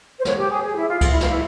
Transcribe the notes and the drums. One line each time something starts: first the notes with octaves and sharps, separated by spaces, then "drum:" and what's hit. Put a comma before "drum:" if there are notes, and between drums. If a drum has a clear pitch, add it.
C5
C#5, drum: snare
G4
G#4
G#4
E4
F4
F4, drum: kick C#2, cymbal
E4
F4, drum: snare
E4